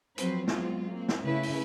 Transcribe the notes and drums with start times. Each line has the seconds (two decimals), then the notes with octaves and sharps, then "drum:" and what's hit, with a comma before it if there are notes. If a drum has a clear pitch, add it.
0.18 F3 F#3 C4 B4 C5, drum: hi-hat
0.48 F#3 G#3 B3 C4 F4, drum: snare
0.89 A#3 C4
1.09 drum: snare
1.22 C#3 A3 E4 B4
1.43 drum: open hi-hat